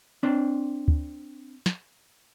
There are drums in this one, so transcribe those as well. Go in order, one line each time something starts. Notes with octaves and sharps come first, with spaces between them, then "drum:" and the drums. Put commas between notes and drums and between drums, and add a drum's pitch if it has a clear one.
C4 D4 C5 D5
drum: kick
drum: snare